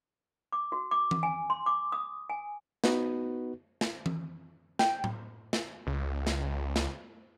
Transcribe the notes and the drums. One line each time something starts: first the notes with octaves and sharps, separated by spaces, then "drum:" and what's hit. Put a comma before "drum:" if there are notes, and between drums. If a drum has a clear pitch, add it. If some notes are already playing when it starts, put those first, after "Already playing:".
D6
F#4
D6
drum: tom E3
G#5
C6
D6
D#6
G#5
B3 D#4 F#4 B4, drum: snare
drum: snare
drum: tom E3
G5, drum: snare
drum: tom A2
drum: snare
C#2
drum: snare
drum: snare